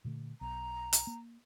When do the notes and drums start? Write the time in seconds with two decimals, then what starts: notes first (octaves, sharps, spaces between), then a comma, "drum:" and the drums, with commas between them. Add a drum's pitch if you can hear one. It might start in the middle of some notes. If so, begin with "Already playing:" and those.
0.05 A#2 D3 A3
0.41 B1 A#5
0.93 drum: hi-hat
1.07 A#3